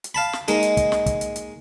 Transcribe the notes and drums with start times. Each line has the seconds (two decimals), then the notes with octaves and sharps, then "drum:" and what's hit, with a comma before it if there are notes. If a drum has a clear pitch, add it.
0.04 drum: hi-hat
0.15 F5 A5 B5
0.33 drum: snare
0.48 G#3 A#3 D#4, drum: hi-hat
0.63 drum: hi-hat
0.77 drum: kick, hi-hat
0.92 drum: snare
1.06 drum: kick, hi-hat
1.21 drum: hi-hat
1.36 drum: hi-hat